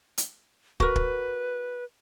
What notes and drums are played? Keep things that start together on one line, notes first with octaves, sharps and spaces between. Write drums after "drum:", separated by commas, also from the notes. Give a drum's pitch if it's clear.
drum: hi-hat
F#4 A#4 B4, drum: kick
drum: kick